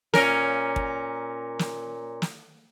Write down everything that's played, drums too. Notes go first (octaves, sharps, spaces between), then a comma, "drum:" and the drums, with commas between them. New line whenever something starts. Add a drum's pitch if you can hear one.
A#2 C#4 A#4, drum: snare
drum: kick
drum: snare
drum: snare